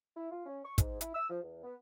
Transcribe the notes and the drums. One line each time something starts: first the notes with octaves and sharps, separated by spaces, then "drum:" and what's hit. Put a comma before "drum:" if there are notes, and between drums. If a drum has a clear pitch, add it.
E4
F4
C#4
C#6
G#2, drum: kick, hi-hat
E4, drum: hi-hat
E6
F3
E2
B3